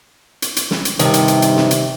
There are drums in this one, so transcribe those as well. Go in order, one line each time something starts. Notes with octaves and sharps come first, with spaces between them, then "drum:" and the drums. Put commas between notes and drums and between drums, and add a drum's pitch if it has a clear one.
drum: hi-hat
drum: hi-hat
drum: snare
drum: hi-hat
G2 C3 D#3, drum: hi-hat
drum: hi-hat
drum: hi-hat
drum: hi-hat
drum: snare
drum: hi-hat